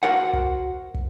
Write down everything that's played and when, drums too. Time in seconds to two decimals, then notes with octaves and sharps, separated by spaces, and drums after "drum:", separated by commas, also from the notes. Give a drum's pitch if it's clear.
0.03 F#4 A#4 C5 F#5
0.33 drum: kick
0.94 drum: kick